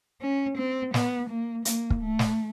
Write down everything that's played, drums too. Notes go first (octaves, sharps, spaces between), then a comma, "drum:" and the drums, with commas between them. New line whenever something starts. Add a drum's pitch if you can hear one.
C#4
C4
B3, drum: snare
A#3
A#3, drum: hi-hat
drum: kick
A3
drum: snare